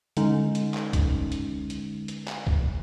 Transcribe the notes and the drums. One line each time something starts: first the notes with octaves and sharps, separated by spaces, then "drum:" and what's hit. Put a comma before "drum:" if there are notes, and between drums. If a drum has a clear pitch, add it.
D3 G#3 C#4 D#4, drum: hi-hat
drum: hi-hat
drum: clap
drum: kick, hi-hat
drum: hi-hat
drum: hi-hat
drum: hi-hat
drum: clap
drum: kick